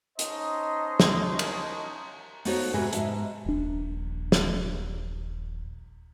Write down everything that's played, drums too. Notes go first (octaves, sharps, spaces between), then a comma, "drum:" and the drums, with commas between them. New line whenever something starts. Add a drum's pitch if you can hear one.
C#4 D#4 C5 D#5 A5 A#5, drum: hi-hat
drum: snare
drum: cymbal
B3 D#4 F#4 A4 C5 C#5, drum: open hi-hat
G#2 C3 G#3 F#4 G#4 B4
G#2 E5 A5, drum: hi-hat
D#1 A#1 D4
drum: snare